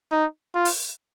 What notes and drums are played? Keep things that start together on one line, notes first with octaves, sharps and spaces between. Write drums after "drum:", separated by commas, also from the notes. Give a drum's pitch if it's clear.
D#4
F4
drum: open hi-hat